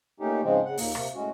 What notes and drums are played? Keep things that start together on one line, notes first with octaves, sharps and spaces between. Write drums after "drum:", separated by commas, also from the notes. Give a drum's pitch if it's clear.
A#2 A3 C#4 D#4 G4
G#2 C#3 F3 G#3 C4
C#3 F#5
D#2 A#2 A#3, drum: open hi-hat
C3 A#3, drum: rim click
A2 G#3 C#4 F#4